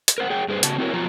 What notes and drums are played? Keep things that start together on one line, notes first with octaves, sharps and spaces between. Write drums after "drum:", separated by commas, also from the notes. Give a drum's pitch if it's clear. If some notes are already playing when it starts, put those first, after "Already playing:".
drum: hi-hat
A#4 C5 F#5
G#4 C#5 F#5 G5
G2 G#4 B4 C5
A2 C#3 B3 F#4 A5, drum: hi-hat
C4 E4 F#4 G4 A#4 C#5
F2 B2 F3 F#3 F4 A#5